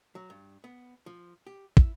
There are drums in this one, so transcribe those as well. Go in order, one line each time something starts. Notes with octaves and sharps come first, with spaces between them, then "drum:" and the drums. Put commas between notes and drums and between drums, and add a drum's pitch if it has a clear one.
F#3
G2
B3
F3
G4
E4, drum: kick